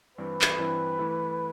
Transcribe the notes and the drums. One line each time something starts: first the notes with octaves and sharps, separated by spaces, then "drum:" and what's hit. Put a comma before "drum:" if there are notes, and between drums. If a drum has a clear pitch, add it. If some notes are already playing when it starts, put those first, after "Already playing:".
G2 E3 G3 C4 E4 B4
drum: clap
G2 E3 G3 C4 E4
E3 A3 E4 A4